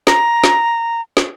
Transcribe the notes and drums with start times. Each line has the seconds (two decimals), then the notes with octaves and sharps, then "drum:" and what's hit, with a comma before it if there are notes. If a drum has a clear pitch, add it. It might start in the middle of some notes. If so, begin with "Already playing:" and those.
0.07 A#5, drum: snare
0.44 drum: snare
1.17 drum: snare